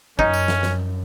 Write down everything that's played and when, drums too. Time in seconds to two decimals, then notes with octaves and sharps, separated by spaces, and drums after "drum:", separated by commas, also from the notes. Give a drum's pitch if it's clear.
0.19 F#2 C#4 D#4, drum: kick
0.34 drum: tambourine
0.48 drum: snare
0.63 drum: snare